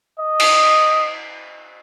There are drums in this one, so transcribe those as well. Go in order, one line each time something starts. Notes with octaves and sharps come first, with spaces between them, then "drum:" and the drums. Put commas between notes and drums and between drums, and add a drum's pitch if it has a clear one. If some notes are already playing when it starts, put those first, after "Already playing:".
D#5
drum: cymbal